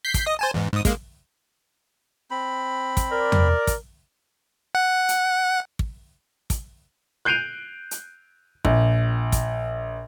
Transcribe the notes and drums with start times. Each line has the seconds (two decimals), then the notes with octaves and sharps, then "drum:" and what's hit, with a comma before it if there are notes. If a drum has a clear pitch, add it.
0.05 G6 B6 C7
0.14 drum: kick, hi-hat
0.26 D#5 D#6
0.39 C5 G#5 A5
0.54 E2 G#2
0.72 G#2 D#6
0.85 G#3 A#3, drum: kick, hi-hat
2.31 C4 B5
2.97 drum: kick, hi-hat
3.11 A#4 D5
3.32 drum: tom E2
3.67 drum: kick, hi-hat
4.75 F#5
5.09 drum: hi-hat
5.79 drum: kick
6.50 drum: kick, hi-hat
7.25 F#6 G6 C7 D7 D#7 F7
7.91 drum: hi-hat
8.65 A#1, drum: kick
9.32 drum: kick, hi-hat